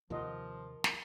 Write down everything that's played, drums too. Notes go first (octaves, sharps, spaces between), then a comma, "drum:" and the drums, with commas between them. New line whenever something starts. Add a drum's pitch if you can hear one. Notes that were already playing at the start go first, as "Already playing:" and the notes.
D#2 C3 D#3 F3 F4 A#4 D#5 F#5
drum: snare